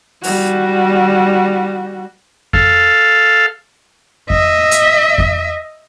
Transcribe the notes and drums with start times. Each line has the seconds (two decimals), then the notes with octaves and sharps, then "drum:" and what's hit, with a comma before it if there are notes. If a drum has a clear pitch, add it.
0.24 G3 F#4, drum: open hi-hat
2.53 A4 F5, drum: kick F2
4.30 D#5 E5, drum: kick F2
4.71 drum: hi-hat
5.18 drum: kick F2